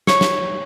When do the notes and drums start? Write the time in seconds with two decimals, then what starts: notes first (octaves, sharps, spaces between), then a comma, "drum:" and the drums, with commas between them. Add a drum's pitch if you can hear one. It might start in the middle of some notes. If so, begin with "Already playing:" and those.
0.07 C#5, drum: snare
0.21 drum: snare